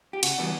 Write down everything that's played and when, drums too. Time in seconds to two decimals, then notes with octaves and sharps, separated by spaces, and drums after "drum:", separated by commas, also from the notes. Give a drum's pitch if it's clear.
0.13 G4
0.23 C#3 F#4, drum: cymbal
0.38 E3 G3 B3 D4